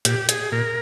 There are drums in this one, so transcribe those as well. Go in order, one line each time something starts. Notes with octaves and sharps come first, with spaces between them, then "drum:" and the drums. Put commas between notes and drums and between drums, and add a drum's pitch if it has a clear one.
A#2 G4, drum: hi-hat
G#4, drum: hi-hat
A#2 A#4